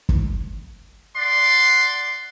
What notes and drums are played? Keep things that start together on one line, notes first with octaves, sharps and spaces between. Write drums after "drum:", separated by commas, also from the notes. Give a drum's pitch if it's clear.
drum: kick
D5 F#5 C6